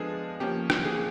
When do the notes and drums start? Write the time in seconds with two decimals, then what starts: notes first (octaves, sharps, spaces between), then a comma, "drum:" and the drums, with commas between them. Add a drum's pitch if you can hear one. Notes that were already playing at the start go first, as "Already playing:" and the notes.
Already playing: F3 G#3 B3 D4 G#4 A4 D#5
0.40 F3 A#3 C#4 G4
0.70 drum: rim click
0.85 G#4